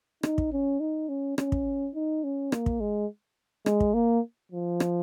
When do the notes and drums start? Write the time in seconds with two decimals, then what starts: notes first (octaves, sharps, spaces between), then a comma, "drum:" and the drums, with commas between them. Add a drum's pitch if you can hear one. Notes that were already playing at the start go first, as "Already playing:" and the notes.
0.23 D#4, drum: rim click
0.38 drum: kick
0.52 C#4
0.80 D#4
1.09 C#4
1.38 C#4, drum: rim click
1.52 drum: kick
1.95 D#4
2.24 C#4
2.52 A#3, drum: rim click
2.66 drum: kick
2.81 G#3
3.66 G#3, drum: rim click
3.80 drum: kick
3.94 A#3
4.52 F3
4.80 drum: rim click